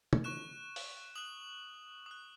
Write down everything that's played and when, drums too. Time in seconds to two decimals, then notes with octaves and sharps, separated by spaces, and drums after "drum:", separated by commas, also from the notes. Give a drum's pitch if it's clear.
0.13 drum: tom
0.24 C#6 F#6 E7
0.76 drum: open hi-hat
1.15 D#6 F#6 F#7
2.06 D#6 F#6